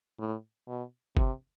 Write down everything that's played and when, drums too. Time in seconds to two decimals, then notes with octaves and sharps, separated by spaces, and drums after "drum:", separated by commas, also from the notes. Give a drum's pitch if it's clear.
0.19 A2
0.68 B2
1.17 C3, drum: kick G1